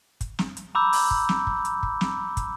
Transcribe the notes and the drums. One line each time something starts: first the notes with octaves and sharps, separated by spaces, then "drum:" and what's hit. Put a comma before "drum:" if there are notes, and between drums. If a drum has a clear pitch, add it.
drum: kick, hi-hat
drum: snare
drum: hi-hat
A#5 B5 D6 E6 G6
drum: open hi-hat
drum: kick
drum: snare
drum: kick
drum: hi-hat
drum: kick
drum: snare
drum: kick, hi-hat